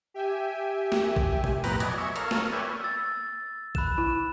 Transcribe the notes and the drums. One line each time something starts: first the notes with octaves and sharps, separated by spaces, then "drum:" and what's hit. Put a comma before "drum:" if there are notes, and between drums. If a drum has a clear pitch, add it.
G4 E5 G5 G#5
drum: snare
drum: kick A1
drum: tom B2
F2 A2 B3 B4 G5 A#5, drum: open hi-hat
F#3 D5 D#5 G#5, drum: hi-hat
D#5 E5 G#5 C#6
A4 A#4 C#5 F5, drum: hi-hat
drum: snare
B4 C#5 D5 E5 G5 G#5
E6 A6
B5 F#6 E7, drum: kick A1
E4